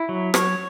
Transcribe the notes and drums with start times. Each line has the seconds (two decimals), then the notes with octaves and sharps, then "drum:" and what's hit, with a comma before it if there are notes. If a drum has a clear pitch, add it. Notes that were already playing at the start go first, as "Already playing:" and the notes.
Already playing: E4
0.09 F#3
0.34 C#5, drum: rim click